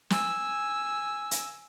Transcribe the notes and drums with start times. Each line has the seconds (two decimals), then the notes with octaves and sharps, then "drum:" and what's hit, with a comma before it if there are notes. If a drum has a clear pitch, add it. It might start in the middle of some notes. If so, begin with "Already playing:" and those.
0.10 G#5 E6, drum: snare
1.31 drum: hi-hat